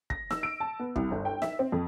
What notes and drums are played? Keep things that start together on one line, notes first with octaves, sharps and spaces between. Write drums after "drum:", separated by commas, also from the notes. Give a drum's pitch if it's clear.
A#6, drum: kick
E6, drum: snare
D7
A5
B3
C2, drum: kick
G1
G5
E5, drum: snare
C4
F2